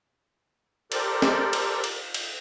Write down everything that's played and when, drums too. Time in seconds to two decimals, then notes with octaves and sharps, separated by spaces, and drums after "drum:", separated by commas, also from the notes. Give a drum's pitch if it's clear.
0.92 G4 A4 A#4 C5 D5, drum: cymbal
1.22 drum: snare
1.53 drum: cymbal
1.84 drum: cymbal
2.14 drum: cymbal